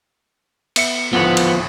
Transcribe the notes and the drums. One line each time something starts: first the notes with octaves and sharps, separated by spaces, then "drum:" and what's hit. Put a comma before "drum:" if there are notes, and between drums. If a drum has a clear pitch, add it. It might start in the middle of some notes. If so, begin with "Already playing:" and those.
B3 E5 C#7, drum: cymbal
G#1 D2 A2 F3 B3
drum: cymbal